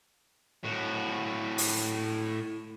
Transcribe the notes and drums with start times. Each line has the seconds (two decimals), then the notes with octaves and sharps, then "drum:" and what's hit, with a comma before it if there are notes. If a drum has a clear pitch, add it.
0.64 A2 F#4
1.58 drum: open hi-hat